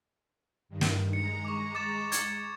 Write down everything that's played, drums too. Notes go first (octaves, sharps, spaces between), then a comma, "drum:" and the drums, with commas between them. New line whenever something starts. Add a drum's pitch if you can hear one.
G2 D#3
drum: snare
G#3 A#5 C#7
C#6 D6
D6 A6 E7
G#6 C#7, drum: hi-hat